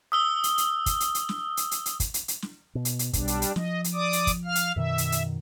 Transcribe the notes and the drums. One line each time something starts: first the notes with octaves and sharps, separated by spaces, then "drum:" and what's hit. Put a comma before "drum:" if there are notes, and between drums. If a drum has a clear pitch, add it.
D#6 E6 G7
drum: hi-hat
drum: hi-hat
drum: kick, hi-hat
drum: hi-hat
drum: hi-hat
drum: snare
drum: hi-hat
drum: hi-hat
drum: hi-hat
drum: kick, hi-hat
drum: hi-hat
drum: hi-hat
drum: snare
B2
drum: hi-hat
drum: hi-hat
B1 G3 D4, drum: kick, hi-hat
drum: hi-hat
drum: hi-hat
F3 D#5, drum: snare
drum: hi-hat
D5 D6 D#6
drum: hi-hat
drum: kick, hi-hat
F5 F6
drum: hi-hat
F#2 B2 D#3 E5
drum: hi-hat
drum: hi-hat